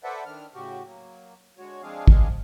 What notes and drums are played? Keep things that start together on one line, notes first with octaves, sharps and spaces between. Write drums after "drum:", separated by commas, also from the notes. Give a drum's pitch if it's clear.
A4 B4 C5 D5 E5 F#5
D#3 D4 F6
A2 C#3 F#4 G4
F#3 A#3
D3 G#3 F#4 C#5
F3 G#3 C4 D4 G#4 F5
drum: kick